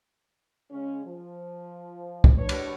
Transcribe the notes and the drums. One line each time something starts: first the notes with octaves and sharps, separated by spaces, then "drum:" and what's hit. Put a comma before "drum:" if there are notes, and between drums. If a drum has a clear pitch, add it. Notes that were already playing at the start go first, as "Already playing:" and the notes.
C#3 G#3 C#4
F3
drum: kick
D4 B4 C#5
drum: cymbal